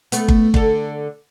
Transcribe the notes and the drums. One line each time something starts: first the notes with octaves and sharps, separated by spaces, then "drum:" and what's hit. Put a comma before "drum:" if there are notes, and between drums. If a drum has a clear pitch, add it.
A3 B3, drum: hi-hat
drum: kick G1
D3 A4, drum: kick G1